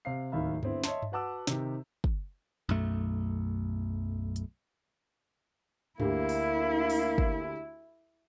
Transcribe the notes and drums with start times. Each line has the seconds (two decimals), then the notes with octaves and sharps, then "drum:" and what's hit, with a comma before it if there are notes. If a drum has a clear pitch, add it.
0.05 C3 C4 F5 C7
0.32 D1 D#2 D#3 E5 F5 B5
0.63 D3 B3 C4 E4, drum: tom G2
0.84 C#5 D#5 E5 A5 C6, drum: snare
1.02 drum: tom G2
1.12 F#4 B4 F#5 A5 D6 E6
1.47 C3 D#3 G4, drum: snare
2.04 drum: kick
2.69 B1 F#2 A3
4.36 drum: hi-hat
6.00 D2 A#3 E4 G4, drum: tom G2
6.29 drum: open hi-hat
6.90 drum: open hi-hat
7.18 drum: kick